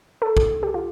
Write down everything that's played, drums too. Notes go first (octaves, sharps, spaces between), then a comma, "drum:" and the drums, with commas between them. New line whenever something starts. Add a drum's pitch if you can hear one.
A4
drum: kick
G4
F4